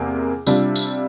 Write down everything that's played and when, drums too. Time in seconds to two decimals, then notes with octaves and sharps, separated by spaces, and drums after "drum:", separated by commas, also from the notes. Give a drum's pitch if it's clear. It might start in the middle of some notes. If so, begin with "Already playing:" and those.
Already playing: E2 C3 A#3
0.47 C3 G3 D4 F4, drum: tambourine
0.76 drum: tambourine